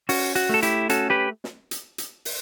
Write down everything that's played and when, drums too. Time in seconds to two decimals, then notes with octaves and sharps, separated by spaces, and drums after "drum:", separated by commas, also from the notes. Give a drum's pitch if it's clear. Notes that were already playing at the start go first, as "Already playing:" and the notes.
0.09 C#4 F#4, drum: open hi-hat
0.35 F#4, drum: hi-hat
0.49 A3 A4
0.63 E4 G4, drum: hi-hat
0.89 C#4 F#4 A4, drum: hi-hat
1.10 G4 B4
1.44 drum: snare
1.71 drum: hi-hat
1.98 drum: hi-hat
2.25 drum: open hi-hat